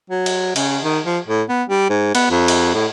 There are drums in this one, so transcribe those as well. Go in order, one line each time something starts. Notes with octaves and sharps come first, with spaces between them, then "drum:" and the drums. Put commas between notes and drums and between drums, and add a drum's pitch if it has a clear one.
F#3
drum: cymbal
C#3, drum: cymbal
D#3
F3
A2
B3
G3
G#2
B3, drum: cymbal
F2
drum: cymbal
A2